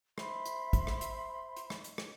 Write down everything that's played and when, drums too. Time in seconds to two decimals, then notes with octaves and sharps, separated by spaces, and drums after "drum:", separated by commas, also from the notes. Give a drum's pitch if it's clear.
0.18 C5 E5 B5 C6, drum: rim click
0.45 drum: hi-hat
0.73 drum: kick, hi-hat
0.87 drum: rim click
1.01 drum: hi-hat
1.56 drum: hi-hat
1.70 drum: rim click
1.84 drum: hi-hat
1.98 drum: rim click